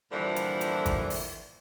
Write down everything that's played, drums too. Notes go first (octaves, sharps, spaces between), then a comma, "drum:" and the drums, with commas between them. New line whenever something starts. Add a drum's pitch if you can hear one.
G2 A#2 D3 E3 F3
drum: hi-hat
drum: hi-hat
drum: kick G#1, hi-hat
drum: open hi-hat